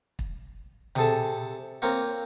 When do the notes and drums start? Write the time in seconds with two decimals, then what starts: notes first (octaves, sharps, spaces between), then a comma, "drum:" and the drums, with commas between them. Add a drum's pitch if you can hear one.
0.19 drum: kick
0.96 C3 G#4 A4 A5, drum: tom
1.82 A#3 C4 F4 C#5